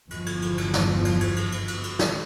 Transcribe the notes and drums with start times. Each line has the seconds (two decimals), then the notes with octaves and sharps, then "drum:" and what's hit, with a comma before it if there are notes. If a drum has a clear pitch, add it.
0.10 G1 E2 F3, drum: cymbal
0.26 drum: cymbal
0.42 drum: cymbal
0.58 drum: cymbal
0.73 drum: snare
1.05 drum: cymbal
1.21 drum: cymbal
1.36 drum: cymbal
1.52 drum: cymbal
1.68 drum: cymbal
1.84 drum: cymbal
1.99 drum: snare